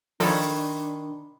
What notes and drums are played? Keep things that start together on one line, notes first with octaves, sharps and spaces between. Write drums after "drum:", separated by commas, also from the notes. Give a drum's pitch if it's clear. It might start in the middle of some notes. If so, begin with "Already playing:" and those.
D#3 F3 D4 A4 C#5 D5 B5 C6, drum: open hi-hat